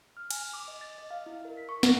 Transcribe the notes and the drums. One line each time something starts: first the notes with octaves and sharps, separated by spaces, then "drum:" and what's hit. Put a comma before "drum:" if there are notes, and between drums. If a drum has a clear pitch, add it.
F6
G#5, drum: cymbal
D6
D#5
A6
D#5
F5
E4
A#4
B6
C#6
F#5, drum: snare